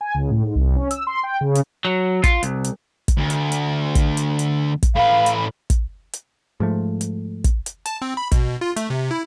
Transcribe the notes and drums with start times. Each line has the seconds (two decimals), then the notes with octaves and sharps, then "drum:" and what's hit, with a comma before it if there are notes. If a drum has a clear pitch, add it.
0.01 G#5
0.15 C#2
0.31 A2
0.43 G#2
0.55 C2
0.76 C#4
0.91 E6, drum: hi-hat
1.07 C6
1.23 G5
1.41 C#3
1.55 drum: hi-hat
1.85 F#3
2.24 F4, drum: kick, hi-hat
2.43 C2, drum: hi-hat
2.64 drum: hi-hat
3.08 drum: kick, hi-hat
3.18 D2
3.30 drum: hi-hat
3.52 drum: hi-hat
3.95 drum: kick, hi-hat
4.17 drum: hi-hat
4.39 drum: hi-hat
4.83 drum: kick, hi-hat
4.95 A2 B4 F5
5.26 drum: hi-hat
5.70 drum: kick, hi-hat
6.13 drum: hi-hat
6.60 G#2 F3 A3
7.01 drum: hi-hat
7.44 drum: kick, hi-hat
7.66 drum: hi-hat
7.86 A5, drum: hi-hat
8.02 C4
8.17 B5
8.32 B2, drum: kick, hi-hat
8.61 F4
8.76 A3, drum: hi-hat
8.90 C3
9.11 E4